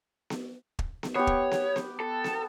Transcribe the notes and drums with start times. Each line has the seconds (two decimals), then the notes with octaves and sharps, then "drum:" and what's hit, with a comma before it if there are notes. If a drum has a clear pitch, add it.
0.30 drum: snare B3
0.79 drum: kick
1.03 drum: snare B3
1.16 B3 G4 C#5
1.27 drum: kick
1.51 drum: snare B3
1.76 drum: snare B3
2.00 A4
2.24 drum: snare B3